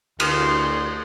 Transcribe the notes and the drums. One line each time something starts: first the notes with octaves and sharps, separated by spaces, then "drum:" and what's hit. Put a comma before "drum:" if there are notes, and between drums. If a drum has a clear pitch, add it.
D2 C6, drum: cymbal